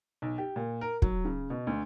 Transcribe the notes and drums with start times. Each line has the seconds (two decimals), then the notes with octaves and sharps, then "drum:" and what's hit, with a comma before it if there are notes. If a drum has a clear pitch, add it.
0.22 B1
0.38 G4
0.56 A#2
0.81 A#4
1.02 F#3, drum: kick
1.25 C#3
1.50 B2
1.67 D2